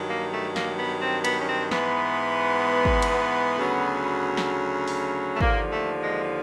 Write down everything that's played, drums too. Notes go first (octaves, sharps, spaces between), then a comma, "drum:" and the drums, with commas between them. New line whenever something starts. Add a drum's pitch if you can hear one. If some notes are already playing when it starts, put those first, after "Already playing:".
Already playing: G2 D#3 F#3
A#3
A3
A#3, drum: snare
B3
C4
B3, drum: cymbal
C#4
C4
G#2 E3 B3, drum: snare
drum: kick
drum: cymbal
D2 C#3 F#3
drum: snare
drum: open hi-hat
A3
D#2 D3 F3 A#3, drum: kick
A3
G#3